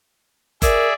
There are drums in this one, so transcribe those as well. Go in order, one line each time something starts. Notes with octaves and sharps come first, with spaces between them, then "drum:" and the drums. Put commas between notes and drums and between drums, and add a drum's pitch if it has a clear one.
G#4 A#4 D5 E5, drum: kick F#1, hi-hat